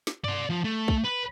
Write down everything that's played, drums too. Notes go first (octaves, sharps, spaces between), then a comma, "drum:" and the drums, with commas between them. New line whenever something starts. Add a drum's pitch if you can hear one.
drum: snare
D5 C6, drum: tom G2
F3
A3
drum: kick
B4